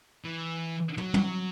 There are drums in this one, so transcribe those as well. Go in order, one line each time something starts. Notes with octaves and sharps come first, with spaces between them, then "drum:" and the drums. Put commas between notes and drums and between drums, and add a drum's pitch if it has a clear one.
E3
F#3, drum: tom
drum: tom